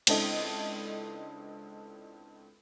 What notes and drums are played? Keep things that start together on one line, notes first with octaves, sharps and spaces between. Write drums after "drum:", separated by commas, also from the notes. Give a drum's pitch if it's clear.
C#2 C4 D4 E4 A4 D#5, drum: cymbal